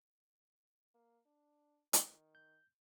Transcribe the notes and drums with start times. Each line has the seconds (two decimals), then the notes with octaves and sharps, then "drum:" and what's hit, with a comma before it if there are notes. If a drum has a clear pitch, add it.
0.95 A#3
1.26 D4
1.93 D#3, drum: hi-hat
2.35 G6